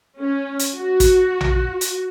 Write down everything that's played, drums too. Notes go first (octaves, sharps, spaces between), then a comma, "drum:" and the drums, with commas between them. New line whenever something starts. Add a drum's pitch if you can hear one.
C#4
drum: hi-hat
F#4
drum: kick, hi-hat
drum: tom A#1
drum: hi-hat